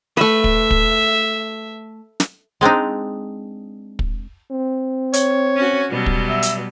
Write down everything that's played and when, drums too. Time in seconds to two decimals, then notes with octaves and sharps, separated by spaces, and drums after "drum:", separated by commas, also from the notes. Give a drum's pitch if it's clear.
0.17 A3 B4 E5
0.44 drum: kick
0.71 drum: kick
2.20 drum: snare
2.61 G#3 C4 D4 D#4
3.99 drum: kick
4.51 C4
5.13 C#5, drum: hi-hat
5.57 C#4 F#4
5.90 B2 F#3 G3
6.06 drum: kick
6.29 E5
6.42 drum: hi-hat